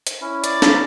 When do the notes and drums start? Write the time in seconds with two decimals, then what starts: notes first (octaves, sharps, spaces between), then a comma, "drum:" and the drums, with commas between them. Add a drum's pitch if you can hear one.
0.07 drum: hi-hat
0.21 C#4 E4
0.44 D5, drum: hi-hat
0.62 drum: snare